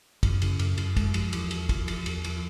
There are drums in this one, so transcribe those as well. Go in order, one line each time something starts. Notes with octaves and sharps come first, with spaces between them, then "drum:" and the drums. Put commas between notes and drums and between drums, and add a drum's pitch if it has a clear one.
F#2, drum: kick, cymbal
C#3, drum: cymbal
F#2, drum: cymbal
F#2, drum: cymbal
G#3, drum: kick, cymbal
F3, drum: cymbal
E2, drum: cymbal
F3, drum: cymbal
F3, drum: kick, cymbal
E2, drum: cymbal
E2, drum: cymbal
F3, drum: cymbal